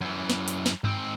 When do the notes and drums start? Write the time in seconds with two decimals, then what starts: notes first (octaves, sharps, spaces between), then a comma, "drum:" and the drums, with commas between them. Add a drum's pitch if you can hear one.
0.01 F#2 E3
0.30 drum: snare
0.48 drum: hi-hat
0.66 drum: snare
0.84 G#2 C4, drum: tom G2